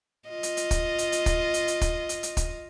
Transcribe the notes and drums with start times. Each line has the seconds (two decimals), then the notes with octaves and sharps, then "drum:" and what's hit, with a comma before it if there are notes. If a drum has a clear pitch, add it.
0.29 F4 D#5
0.43 drum: hi-hat
0.57 drum: hi-hat
0.71 drum: kick, hi-hat
0.98 drum: hi-hat
1.12 drum: hi-hat
1.26 drum: kick, hi-hat
1.54 drum: hi-hat
1.68 drum: hi-hat
1.81 drum: kick, hi-hat
2.09 drum: hi-hat
2.23 drum: hi-hat
2.37 drum: kick, hi-hat